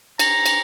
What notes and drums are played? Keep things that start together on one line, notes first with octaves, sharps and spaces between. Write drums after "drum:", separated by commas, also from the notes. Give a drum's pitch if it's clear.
A#5, drum: cymbal
drum: cymbal